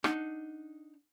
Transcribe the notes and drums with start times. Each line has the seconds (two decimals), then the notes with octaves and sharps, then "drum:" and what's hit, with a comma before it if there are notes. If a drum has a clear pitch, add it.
0.04 D4 D#4 F#5, drum: rim click